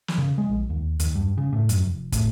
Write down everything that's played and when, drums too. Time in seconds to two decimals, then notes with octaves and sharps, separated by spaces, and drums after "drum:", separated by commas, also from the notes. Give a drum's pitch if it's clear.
0.08 drum: snare
0.18 C#3
0.38 G#3
0.49 A#1
0.70 D#2
1.00 D#2, drum: hi-hat
1.15 G2
1.38 C#3
1.53 A2
1.69 F#2, drum: hi-hat
1.81 F1
2.12 A2, drum: kick, hi-hat